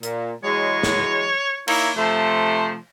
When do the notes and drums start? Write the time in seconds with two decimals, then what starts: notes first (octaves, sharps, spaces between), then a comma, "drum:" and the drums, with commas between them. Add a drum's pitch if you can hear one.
0.03 A#2, drum: hi-hat
0.44 E3 F#3 G#3 C#5
0.83 drum: snare
1.68 A#3 D#4 E4 C#5, drum: cymbal
1.96 C3 F3 A3 C5